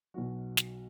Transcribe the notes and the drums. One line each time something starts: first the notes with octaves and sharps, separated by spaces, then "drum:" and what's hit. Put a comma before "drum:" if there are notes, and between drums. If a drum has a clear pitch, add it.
B1 B2 F#3 F#4
drum: snare